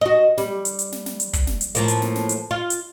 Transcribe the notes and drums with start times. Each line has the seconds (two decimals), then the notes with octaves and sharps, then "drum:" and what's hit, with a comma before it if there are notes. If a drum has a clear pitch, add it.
0.01 F#4 D#5
0.38 G3, drum: snare
0.65 drum: hi-hat
0.79 drum: hi-hat
0.92 drum: snare
1.06 drum: snare
1.20 drum: hi-hat
1.33 drum: kick, hi-hat
1.47 drum: snare
1.61 drum: hi-hat
1.75 A2 F3 A#3, drum: hi-hat
1.88 drum: hi-hat
2.02 drum: snare
2.15 drum: snare
2.29 drum: hi-hat
2.51 F4
2.70 drum: hi-hat